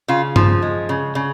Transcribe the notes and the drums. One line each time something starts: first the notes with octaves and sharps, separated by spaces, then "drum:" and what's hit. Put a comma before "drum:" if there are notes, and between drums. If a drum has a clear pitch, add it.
C#3 F4
F3, drum: tom G2
G#3
C#3
C#3